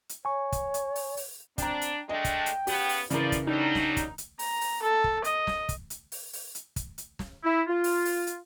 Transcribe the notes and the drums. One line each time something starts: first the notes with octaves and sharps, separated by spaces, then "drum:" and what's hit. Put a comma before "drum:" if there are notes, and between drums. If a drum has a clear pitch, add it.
drum: hi-hat
C#5 G#5 C#6
drum: kick, hi-hat
drum: hi-hat
drum: open hi-hat
drum: open hi-hat
C4 D4 G5 A#5, drum: kick, hi-hat
drum: hi-hat
G#3 A3 D4 D#5 G5
drum: kick, hi-hat
drum: hi-hat
C#3 B3 G4, drum: open hi-hat
drum: open hi-hat
C#3 E3 F3 E4 A#4 D5, drum: hi-hat
drum: kick, hi-hat
F#3 G3 D4 D#4
drum: snare
drum: kick, hi-hat
drum: hi-hat
A#5, drum: open hi-hat
drum: open hi-hat
A4
drum: kick
D#5, drum: hi-hat
drum: snare
drum: kick, hi-hat
drum: hi-hat
drum: open hi-hat
drum: open hi-hat
drum: hi-hat
drum: kick, hi-hat
drum: hi-hat
drum: snare
E4
F4
drum: open hi-hat
drum: open hi-hat
drum: hi-hat